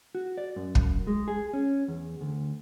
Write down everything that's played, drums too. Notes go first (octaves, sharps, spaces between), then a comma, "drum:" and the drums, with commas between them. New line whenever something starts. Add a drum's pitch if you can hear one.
F#4
D5
F#2
drum: kick
G#3
G#4
C#4
E2
D2